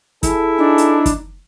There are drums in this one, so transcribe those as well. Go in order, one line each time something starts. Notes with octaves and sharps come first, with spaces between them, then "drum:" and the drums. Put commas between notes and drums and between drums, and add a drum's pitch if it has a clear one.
E4 G#4 A4, drum: kick, hi-hat
D4 D#4
drum: hi-hat
drum: kick, hi-hat